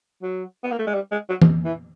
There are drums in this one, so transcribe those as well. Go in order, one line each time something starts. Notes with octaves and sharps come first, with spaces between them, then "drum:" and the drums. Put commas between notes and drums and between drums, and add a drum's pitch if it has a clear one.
F#3
B3
A#3
A3
G#3
G3
G#3
F#3
drum: tom
E3